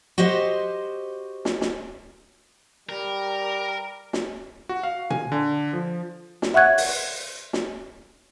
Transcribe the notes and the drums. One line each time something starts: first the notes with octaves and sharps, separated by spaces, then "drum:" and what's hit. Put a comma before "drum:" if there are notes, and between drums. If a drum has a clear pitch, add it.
F#4 G4 C5 D#5
drum: snare
drum: snare
G3 A#4
drum: snare
F#4
F5
G#5, drum: tom A#2
D3
F3
drum: snare
C#5 E5 F#5 C#6 F#6 G#6
drum: open hi-hat
drum: snare